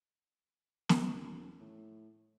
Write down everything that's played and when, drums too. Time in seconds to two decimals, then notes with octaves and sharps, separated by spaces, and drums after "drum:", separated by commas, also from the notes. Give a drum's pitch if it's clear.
0.89 D#1 A#4 G#5 A#5, drum: snare
1.60 A2